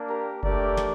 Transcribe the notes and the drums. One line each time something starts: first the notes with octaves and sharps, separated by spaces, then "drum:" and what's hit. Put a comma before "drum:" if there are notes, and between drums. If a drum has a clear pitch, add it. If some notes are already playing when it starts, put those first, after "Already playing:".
Already playing: A#3 D4
G4 A#4
A3 D4 G4 A#4 D5, drum: kick F#1
drum: snare